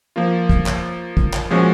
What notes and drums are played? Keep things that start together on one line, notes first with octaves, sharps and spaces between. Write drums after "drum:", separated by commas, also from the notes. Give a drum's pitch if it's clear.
F3 A#3 F4
drum: kick
drum: clap
drum: kick
drum: clap
A#2 F3 G#3 C#4 F#4